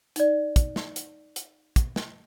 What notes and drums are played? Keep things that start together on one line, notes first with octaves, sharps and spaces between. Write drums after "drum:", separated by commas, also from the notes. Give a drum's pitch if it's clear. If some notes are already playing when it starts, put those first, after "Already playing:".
D#4 D5, drum: hi-hat
drum: kick, hi-hat
drum: snare
drum: hi-hat
drum: hi-hat
drum: kick, hi-hat
drum: snare